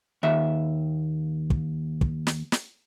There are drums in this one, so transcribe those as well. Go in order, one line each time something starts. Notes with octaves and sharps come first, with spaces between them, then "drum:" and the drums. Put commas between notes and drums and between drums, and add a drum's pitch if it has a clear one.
D#2 E5
drum: kick
drum: kick
drum: snare
drum: snare